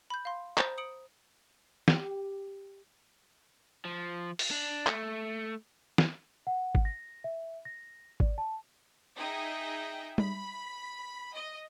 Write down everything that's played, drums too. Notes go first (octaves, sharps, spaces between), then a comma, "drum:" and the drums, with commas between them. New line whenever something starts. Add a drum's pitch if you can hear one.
B5 G6
F5 C6
C5 A#5 B5 D#6 G6, drum: clap
D#6 C#7 D7 F#7
G4, drum: snare
F3
drum: open hi-hat
D4
A3, drum: clap
drum: snare
F#5
drum: kick G#1
A#6
E5
A#6
D5, drum: kick G#1
A5
D#4 G#4 D#5 E5 G5
B5, drum: tom G3
D#5